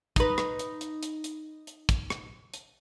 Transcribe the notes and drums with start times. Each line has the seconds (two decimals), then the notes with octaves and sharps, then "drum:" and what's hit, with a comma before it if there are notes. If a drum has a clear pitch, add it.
0.16 D#4 B4, drum: kick, hi-hat
0.38 drum: rim click
0.59 drum: hi-hat
0.81 drum: hi-hat
1.03 drum: hi-hat
1.24 drum: hi-hat
1.67 drum: hi-hat
1.89 drum: kick, hi-hat
2.10 drum: rim click
2.54 drum: hi-hat